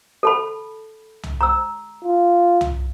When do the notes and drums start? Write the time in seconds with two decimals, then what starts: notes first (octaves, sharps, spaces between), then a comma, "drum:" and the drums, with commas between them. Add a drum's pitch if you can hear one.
0.23 A4 A5 B5
1.23 drum: tom C2
1.41 A#5 E6
2.04 F4
2.61 drum: tom C2